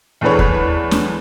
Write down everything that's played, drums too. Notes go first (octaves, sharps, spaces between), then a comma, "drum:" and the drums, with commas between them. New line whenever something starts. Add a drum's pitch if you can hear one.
E2 A3 D4 G#4 B4 C#5
drum: kick D#2
drum: snare